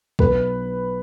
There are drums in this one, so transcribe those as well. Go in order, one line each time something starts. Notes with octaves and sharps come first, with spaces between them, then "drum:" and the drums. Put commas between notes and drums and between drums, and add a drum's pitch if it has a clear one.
B1 B4, drum: kick